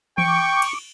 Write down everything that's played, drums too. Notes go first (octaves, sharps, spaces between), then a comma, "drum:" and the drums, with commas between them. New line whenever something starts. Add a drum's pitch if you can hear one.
G5 C#6 D6, drum: tom E3
drum: cymbal